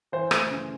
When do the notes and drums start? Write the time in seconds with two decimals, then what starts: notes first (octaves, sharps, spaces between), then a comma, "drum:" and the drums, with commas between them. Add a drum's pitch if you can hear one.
0.12 E3 C5
0.31 A3, drum: rim click
0.50 C#3